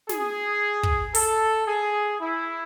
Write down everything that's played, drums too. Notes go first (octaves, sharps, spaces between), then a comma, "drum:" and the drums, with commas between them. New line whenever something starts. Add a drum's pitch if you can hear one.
G#4, drum: snare
drum: kick
A4, drum: open hi-hat
G#4
E4